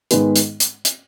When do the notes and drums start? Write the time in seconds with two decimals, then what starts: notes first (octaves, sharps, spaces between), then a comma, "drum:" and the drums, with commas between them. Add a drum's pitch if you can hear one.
0.11 G#2 D#3 G#3 B3, drum: hi-hat
0.36 drum: hi-hat
0.60 drum: hi-hat
0.85 drum: hi-hat